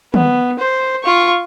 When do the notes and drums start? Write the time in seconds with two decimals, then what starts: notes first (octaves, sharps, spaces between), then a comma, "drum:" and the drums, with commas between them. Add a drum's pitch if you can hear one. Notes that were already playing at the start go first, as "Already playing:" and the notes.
0.14 B3, drum: tom
0.59 C5
1.04 F4 C#6